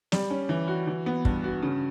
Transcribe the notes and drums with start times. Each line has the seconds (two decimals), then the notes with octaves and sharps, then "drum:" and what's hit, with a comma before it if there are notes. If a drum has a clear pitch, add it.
0.12 G3, drum: snare
0.30 C#4
0.49 E3
0.68 F#4
0.87 E3
1.06 B3
1.25 G2, drum: kick
1.44 F#4
1.62 C#3